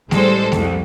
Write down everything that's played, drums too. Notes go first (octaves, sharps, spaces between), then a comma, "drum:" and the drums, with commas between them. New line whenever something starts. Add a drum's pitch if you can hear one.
A1 G3 G#3 A4 C5, drum: snare A3
C2 F2, drum: snare A3